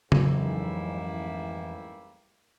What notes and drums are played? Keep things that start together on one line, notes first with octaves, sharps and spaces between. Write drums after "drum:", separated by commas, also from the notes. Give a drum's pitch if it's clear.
A1 F2 G#2 E3 F#3 G3 A#3 E4, drum: tom C#3